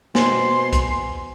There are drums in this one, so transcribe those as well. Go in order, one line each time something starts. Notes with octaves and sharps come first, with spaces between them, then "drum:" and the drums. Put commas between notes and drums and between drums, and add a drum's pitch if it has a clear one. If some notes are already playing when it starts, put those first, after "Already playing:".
B2 C5 G#5 C6, drum: snare
drum: kick, hi-hat